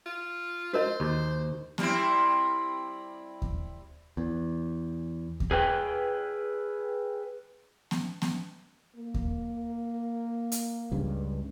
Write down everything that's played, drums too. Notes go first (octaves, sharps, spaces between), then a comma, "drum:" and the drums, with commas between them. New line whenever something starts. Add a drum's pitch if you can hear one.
F4
F#4 A#4 C5 D#5
D#2
G3 C4 E4, drum: snare B3
drum: kick D#2
E2
drum: kick D#2
G#4 B4 G5
drum: snare B3
drum: snare B3
A#3
drum: kick D#2
drum: hi-hat
C#2 G2